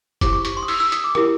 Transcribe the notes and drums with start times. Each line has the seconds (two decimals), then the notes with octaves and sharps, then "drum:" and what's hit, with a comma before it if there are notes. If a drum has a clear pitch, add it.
0.21 E4 G4 C5 D6, drum: kick F1, hi-hat
0.33 C#6
0.45 C#6, drum: hi-hat
0.57 C6
0.63 D#6
0.68 E6, drum: open hi-hat
0.80 E6
0.92 D#6, drum: hi-hat
1.04 D6
1.15 E4 G4 A#4, drum: rim click